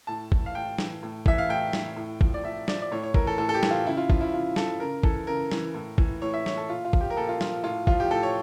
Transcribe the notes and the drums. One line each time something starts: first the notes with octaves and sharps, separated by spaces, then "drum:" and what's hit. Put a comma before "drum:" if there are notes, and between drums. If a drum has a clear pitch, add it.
A2 A5
E3, drum: kick
F5
A2 G5
E3, drum: snare
A2
E3 E5, drum: kick
F5
A2 G5
E3, drum: snare
A2
F3, drum: kick
D5
A2 E5
F3 D5, drum: snare
D5
A2 C#5
C#5
E3 A#4, drum: kick
A4
A2 A4
A4
G4
E3, drum: snare
F4
C#3 E4
F4
F3 F4, drum: kick
E4
C#3 F4
F3 A4, drum: snare
C#3 A#4
E3 A4, drum: kick
C#3 A#4
E3, drum: snare
A2
E3, drum: kick
A2 C#5
E5
E3 C#5, drum: snare
A4
A#2 F4
F4
F3, drum: kick
G4
A#4
A#2 A4
F4
F3 F4, drum: snare
A2 F4
F3 F4, drum: kick
G4
A2 A4
C#5